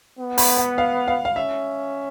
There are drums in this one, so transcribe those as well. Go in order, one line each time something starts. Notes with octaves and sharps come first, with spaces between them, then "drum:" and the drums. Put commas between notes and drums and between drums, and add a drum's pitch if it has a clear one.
B3
B5, drum: open hi-hat
F#5
F5
F5
F5
C#4 E5